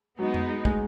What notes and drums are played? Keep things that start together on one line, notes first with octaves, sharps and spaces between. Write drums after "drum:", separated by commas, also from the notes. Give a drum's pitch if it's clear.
F#3 G#3 B3 D#4
drum: tom F2
G#3, drum: kick